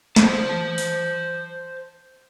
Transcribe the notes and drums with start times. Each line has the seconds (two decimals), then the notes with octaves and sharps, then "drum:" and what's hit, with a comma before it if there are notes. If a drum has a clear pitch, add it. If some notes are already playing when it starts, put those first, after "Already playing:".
0.16 C5 A5, drum: snare
0.78 drum: open hi-hat